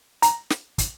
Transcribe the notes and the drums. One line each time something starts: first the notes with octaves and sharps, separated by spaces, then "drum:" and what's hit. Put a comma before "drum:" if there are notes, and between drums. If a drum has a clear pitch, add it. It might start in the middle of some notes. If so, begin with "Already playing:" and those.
A#5, drum: hi-hat
drum: snare
drum: kick, hi-hat